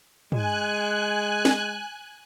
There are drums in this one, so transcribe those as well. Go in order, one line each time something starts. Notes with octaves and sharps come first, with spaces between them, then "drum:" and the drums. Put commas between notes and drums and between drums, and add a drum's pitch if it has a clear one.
G#3 G#5 F#6, drum: tom
drum: snare